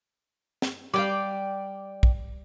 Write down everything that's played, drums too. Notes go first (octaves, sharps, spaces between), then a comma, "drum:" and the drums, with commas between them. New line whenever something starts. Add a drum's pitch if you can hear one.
drum: snare
G3 D5 F5 G5
drum: kick